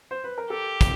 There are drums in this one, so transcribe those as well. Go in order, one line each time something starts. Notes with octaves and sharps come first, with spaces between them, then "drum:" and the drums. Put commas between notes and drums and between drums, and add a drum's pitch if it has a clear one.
C5
B4
A#4
G4 A4
drum: kick, hi-hat